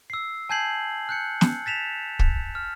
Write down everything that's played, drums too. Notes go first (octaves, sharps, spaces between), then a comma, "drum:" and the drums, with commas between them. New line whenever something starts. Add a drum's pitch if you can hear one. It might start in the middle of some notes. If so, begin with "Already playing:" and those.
E6 C7
G#5 A5 G6 G#6 C7 F#7
F#6 G6 C#7
drum: snare
A6 B6 E7 F7
drum: kick
F6